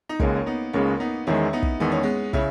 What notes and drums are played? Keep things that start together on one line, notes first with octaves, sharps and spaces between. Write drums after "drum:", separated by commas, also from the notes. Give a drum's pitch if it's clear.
D#4
C#2 C#3 G#3 A#3 C#4, drum: kick
C#4
B3 D#4
C#2 C#3 G#3 A#3 C#4
B3 D#4
E2 D#3 G#3 C#4 E4
B3 D#4
drum: kick
E2 D#3 G#3 B3
C#4
G#3 B3
C#3 C#4 E4, drum: kick